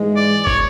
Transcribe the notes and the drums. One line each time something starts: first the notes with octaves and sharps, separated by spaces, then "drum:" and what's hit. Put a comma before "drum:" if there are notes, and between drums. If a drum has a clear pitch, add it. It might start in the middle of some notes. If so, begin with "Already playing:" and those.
Already playing: G#2 E3 G#3
D5
C#5, drum: kick